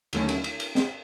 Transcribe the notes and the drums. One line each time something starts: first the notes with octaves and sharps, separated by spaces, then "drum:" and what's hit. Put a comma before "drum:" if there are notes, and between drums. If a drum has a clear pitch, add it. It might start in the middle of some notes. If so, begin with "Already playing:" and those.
D#2 D3 F#3 A3 C#4, drum: cymbal
drum: cymbal
drum: cymbal
drum: cymbal
drum: snare